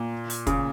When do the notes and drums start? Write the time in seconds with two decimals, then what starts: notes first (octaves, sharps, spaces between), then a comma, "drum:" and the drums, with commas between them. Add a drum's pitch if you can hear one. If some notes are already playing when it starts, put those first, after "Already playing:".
Already playing: A#2
0.30 drum: open hi-hat
0.47 C#3, drum: kick, hi-hat